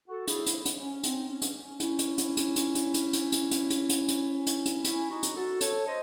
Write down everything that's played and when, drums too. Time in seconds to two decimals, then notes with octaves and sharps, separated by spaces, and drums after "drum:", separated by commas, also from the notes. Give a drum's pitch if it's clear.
0.08 F#4 A4
0.27 E4 G#4, drum: hi-hat
0.46 drum: hi-hat
0.65 drum: hi-hat
0.79 C#4
1.03 C4 D#4, drum: hi-hat
1.29 C#4
1.42 drum: hi-hat
1.55 C#4
1.80 C#4 E4, drum: hi-hat
1.99 drum: hi-hat
2.18 drum: hi-hat
2.37 drum: hi-hat
2.56 drum: hi-hat
2.75 drum: hi-hat
2.94 drum: hi-hat
3.13 drum: hi-hat
3.32 drum: hi-hat
3.51 drum: hi-hat
3.70 drum: hi-hat
3.89 drum: hi-hat
4.08 drum: hi-hat
4.47 drum: hi-hat
4.66 drum: hi-hat
4.84 C#4 E4, drum: hi-hat
5.10 D#4 F#4
5.23 drum: hi-hat
5.35 F#4 A4
5.61 A4 C#5, drum: hi-hat
5.86 C5 D#5